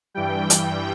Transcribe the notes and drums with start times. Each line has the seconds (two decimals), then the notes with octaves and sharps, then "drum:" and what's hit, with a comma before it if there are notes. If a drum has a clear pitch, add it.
0.14 G2 E3 G3 G5
0.50 drum: hi-hat